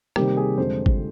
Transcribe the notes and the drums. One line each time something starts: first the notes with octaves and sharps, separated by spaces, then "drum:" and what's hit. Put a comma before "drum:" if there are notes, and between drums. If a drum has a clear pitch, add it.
C3 D#3 G3 A#3 G4, drum: rim click
G#4
F2 D3 G#3 C5
drum: kick G1